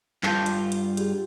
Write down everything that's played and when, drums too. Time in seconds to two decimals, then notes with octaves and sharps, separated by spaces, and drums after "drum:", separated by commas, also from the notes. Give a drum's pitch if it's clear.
0.23 G2 F4 A5 G6, drum: clap
0.46 drum: hi-hat
0.72 drum: hi-hat
0.97 G4 G#4, drum: hi-hat